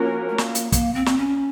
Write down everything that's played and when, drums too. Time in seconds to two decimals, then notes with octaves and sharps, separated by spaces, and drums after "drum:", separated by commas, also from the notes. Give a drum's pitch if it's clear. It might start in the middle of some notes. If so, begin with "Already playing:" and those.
Already playing: F3 A#3 C#4 F#4 A#4
0.29 A3
0.38 A#3, drum: snare
0.55 drum: hi-hat
0.72 A#3, drum: kick, hi-hat
0.95 C4
1.06 C4, drum: snare
1.17 C#4